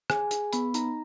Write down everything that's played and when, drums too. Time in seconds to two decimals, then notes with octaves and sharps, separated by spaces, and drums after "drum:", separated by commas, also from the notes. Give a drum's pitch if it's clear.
0.10 G#4 G#5, drum: rim click
0.31 G#4, drum: hi-hat
0.53 B3 B5, drum: hi-hat
0.74 D#4 A#5, drum: hi-hat